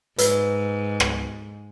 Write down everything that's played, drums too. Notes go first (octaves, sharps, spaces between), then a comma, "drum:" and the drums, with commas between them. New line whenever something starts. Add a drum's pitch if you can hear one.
G#2 B4 E6, drum: hi-hat
drum: rim click